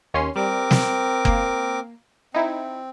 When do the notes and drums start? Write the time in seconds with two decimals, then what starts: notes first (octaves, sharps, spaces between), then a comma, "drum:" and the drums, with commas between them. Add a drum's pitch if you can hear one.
0.14 D#2 C#4 C6
0.36 G3 C4 A#4 D6
0.71 drum: snare
1.25 A#3, drum: kick F#1
2.34 C4 D#4 E4